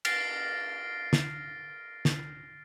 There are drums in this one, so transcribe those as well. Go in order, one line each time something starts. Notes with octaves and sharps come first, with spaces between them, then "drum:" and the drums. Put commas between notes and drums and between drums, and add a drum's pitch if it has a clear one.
F6 A6 A#6 C7 D7 G7, drum: cymbal
drum: snare
drum: snare